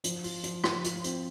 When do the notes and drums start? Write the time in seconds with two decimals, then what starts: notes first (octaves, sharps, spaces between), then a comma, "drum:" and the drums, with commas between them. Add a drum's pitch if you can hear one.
0.04 F3, drum: hi-hat
0.24 F4, drum: open hi-hat
0.43 F3, drum: hi-hat
0.64 F3, drum: rim click
0.84 F4, drum: hi-hat
1.04 C4, drum: hi-hat